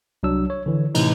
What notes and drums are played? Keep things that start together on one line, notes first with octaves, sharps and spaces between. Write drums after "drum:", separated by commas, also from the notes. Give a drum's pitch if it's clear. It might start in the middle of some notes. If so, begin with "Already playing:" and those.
C2 F#3 D4 E6
C#5
D3 E3
A2 C3 E3 D#4, drum: cymbal